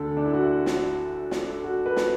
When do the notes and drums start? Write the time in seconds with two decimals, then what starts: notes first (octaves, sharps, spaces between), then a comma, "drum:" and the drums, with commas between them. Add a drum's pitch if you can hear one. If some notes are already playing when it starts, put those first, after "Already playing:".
Already playing: D2 D3 A3 A4
0.17 D4
0.26 E4
0.34 F#4
0.66 drum: snare
1.31 drum: snare
1.64 F#4
1.86 B4
1.96 drum: snare